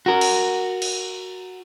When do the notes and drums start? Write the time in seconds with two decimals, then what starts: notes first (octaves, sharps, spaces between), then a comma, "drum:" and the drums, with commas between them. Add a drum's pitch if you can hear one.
0.06 F#4 A#4
0.21 drum: cymbal
0.82 drum: cymbal